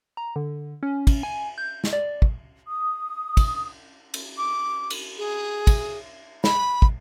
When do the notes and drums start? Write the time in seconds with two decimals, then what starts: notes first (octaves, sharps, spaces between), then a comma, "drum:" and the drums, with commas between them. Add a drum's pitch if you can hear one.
0.17 A#5
0.36 D3
0.83 C#4
1.07 drum: kick, cymbal
1.23 G#5
1.58 G6
1.84 drum: snare
1.93 D5
2.22 drum: kick
2.67 D#6
3.37 drum: kick, cymbal
4.14 drum: cymbal
4.38 D6
4.90 drum: cymbal
5.18 G#4
5.67 drum: kick, cymbal
6.44 B5, drum: snare
6.82 drum: kick